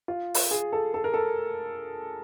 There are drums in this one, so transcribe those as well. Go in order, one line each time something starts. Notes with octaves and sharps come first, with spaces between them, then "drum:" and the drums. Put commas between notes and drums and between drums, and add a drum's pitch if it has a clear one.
F4
drum: open hi-hat
G#4
A4
A4
A#4
A4